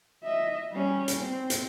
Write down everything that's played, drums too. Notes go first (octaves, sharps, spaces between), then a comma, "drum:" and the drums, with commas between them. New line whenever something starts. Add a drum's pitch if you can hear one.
D#5 E5
G3 C#4
drum: hi-hat
C4
drum: hi-hat